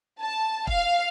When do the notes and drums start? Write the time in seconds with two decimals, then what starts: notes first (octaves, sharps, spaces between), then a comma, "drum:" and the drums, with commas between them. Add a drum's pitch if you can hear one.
0.20 A5
0.67 F5, drum: kick E1